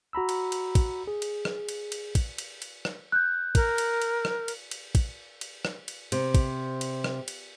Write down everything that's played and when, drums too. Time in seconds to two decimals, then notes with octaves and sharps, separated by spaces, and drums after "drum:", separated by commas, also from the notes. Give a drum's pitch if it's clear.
0.13 F#4 A#5 B5 E6
0.29 drum: cymbal
0.52 drum: cymbal
0.75 drum: kick, cymbal
1.07 G#4
1.22 drum: cymbal
1.45 drum: rim click
1.69 drum: cymbal
1.92 drum: cymbal
2.15 drum: kick, cymbal
2.38 drum: cymbal
2.62 drum: cymbal
2.85 drum: rim click
3.12 F#6 G6
3.55 A#4, drum: kick, cymbal
3.78 drum: cymbal
4.02 drum: cymbal
4.25 drum: rim click
4.48 drum: cymbal
4.71 drum: cymbal
4.95 drum: kick, cymbal
5.41 drum: cymbal
5.65 drum: rim click
5.88 drum: cymbal
6.12 C3, drum: cymbal
6.35 drum: kick, cymbal
6.81 drum: cymbal
7.04 drum: rim click
7.28 drum: cymbal